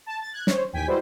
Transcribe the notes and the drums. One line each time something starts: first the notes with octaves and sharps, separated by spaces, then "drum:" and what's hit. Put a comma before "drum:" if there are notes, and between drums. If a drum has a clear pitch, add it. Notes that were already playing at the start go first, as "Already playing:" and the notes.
A5
A6
F#6 G#6
C5 C#5, drum: snare
A1 D#2 G5 G#5 B6
G3 G#3 E4 F#4 B4 C5